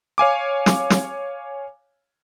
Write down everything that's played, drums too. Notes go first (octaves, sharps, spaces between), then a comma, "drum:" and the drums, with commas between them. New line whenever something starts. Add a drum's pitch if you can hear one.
C#5 F5 G#5 D6
drum: snare
drum: snare